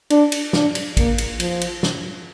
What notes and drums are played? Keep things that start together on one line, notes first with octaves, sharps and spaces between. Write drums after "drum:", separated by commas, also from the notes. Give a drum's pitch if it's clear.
D4, drum: cymbal
drum: cymbal
D4, drum: snare
drum: cymbal
A#3, drum: kick A1, cymbal
drum: cymbal
F3, drum: cymbal
drum: cymbal
drum: snare